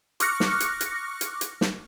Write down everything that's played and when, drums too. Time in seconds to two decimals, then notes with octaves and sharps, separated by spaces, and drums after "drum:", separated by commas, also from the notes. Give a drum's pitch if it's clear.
0.20 C#6 D6 F6 F#6 A#6 C#7, drum: hi-hat
0.40 drum: snare
0.60 drum: hi-hat
0.81 drum: hi-hat
1.21 drum: hi-hat
1.41 drum: hi-hat
1.61 drum: snare